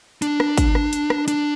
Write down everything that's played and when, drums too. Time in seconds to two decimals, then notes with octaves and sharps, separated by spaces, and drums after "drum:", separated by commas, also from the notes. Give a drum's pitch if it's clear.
0.22 D4, drum: hi-hat
0.40 drum: rim click
0.58 drum: kick, hi-hat
0.75 drum: rim click
0.93 drum: hi-hat
1.10 drum: rim click
1.28 D4, drum: hi-hat